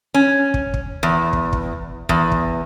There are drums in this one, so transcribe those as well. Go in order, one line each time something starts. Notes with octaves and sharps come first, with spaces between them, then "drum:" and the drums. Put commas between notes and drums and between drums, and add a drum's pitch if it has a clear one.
C#4
drum: kick
drum: kick
E2
drum: kick
drum: kick
E2, drum: kick
drum: kick